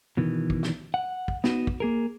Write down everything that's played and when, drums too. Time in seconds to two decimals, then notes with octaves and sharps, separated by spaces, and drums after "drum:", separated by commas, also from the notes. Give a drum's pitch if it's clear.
0.17 B2 D#3 E3
0.50 drum: kick
0.63 drum: snare
0.94 F#5
1.28 drum: kick
1.44 B3 D#4 F#4 B4, drum: snare
1.67 drum: kick
1.80 A#3 G#4 A#4